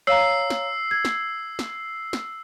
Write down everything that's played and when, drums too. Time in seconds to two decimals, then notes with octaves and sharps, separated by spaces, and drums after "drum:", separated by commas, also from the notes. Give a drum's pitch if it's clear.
0.07 C#5 F5 A#5 E6 C7
0.50 drum: snare
0.91 G#6
1.05 drum: snare
1.59 drum: snare
2.13 drum: snare